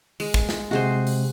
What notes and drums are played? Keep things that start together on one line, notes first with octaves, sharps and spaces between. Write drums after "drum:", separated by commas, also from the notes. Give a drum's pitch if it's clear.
G#3, drum: open hi-hat
drum: kick
drum: snare
C3 G#3 F#4 G#4 C5
drum: open hi-hat